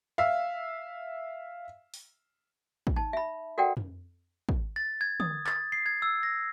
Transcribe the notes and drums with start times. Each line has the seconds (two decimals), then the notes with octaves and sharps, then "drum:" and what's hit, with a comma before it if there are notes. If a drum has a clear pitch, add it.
0.18 E5 F5
1.94 drum: open hi-hat
2.87 drum: kick
2.96 D#4 A5
3.13 E5 B5
3.58 F#4 A4 A#4 D5 F#5 G5
3.77 drum: tom F2
4.49 drum: kick
4.76 A6
5.01 G#6
5.20 D#6, drum: tom
5.47 A6, drum: clap
5.72 C7
5.86 G#6
6.02 E6
6.23 A#6